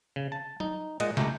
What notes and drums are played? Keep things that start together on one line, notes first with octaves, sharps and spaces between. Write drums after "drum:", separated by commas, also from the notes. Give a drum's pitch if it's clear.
C#3
A5
D#4, drum: tom F#3
A#2 G#3 D#5 F#5, drum: cymbal
C#2 A3 G4 G5 A#5, drum: snare